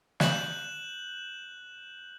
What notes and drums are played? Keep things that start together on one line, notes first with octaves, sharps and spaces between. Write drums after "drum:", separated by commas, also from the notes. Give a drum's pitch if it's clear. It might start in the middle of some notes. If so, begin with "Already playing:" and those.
F#6 G6 E7 F#7, drum: snare